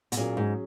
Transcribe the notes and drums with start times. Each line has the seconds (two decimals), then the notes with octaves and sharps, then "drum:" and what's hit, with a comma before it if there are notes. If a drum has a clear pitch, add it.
0.12 B2, drum: hi-hat
0.17 A#2 F#3 C#4 G#4
0.37 G#2